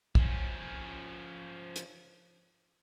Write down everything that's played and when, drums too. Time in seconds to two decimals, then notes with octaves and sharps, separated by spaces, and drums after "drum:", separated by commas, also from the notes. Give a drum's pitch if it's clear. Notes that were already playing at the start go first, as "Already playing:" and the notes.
0.15 F3 C#4, drum: kick
1.76 drum: hi-hat